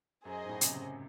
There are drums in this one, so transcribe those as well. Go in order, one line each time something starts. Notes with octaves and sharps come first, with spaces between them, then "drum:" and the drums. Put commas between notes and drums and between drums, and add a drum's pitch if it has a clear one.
F#2 G#4 C5 D#5
G#2
A2
C#3, drum: hi-hat
C3
C#3